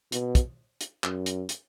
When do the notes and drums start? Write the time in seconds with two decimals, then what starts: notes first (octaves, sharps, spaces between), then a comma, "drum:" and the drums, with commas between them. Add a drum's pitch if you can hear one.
0.12 B2, drum: hi-hat
0.35 drum: kick, hi-hat
0.81 drum: hi-hat
1.04 F#2, drum: clap
1.26 drum: hi-hat
1.49 drum: hi-hat